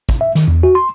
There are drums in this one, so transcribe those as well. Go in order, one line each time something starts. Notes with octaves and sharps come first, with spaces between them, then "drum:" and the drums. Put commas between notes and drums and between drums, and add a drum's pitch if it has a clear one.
drum: kick
E5
D#3, drum: snare
E2
F#4
C6